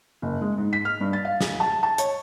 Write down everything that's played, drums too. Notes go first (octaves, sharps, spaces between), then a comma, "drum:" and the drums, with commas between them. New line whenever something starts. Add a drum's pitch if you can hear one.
F#1
G#3
G#2
B6
F6
G2
A6
F5
G#4, drum: snare
A5
A5
C#5, drum: hi-hat